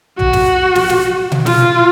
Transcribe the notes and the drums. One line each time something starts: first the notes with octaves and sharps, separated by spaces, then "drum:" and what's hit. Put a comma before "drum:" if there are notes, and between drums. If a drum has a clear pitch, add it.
F#4, drum: tom
drum: snare
drum: snare
drum: snare
drum: tom B2
F4, drum: snare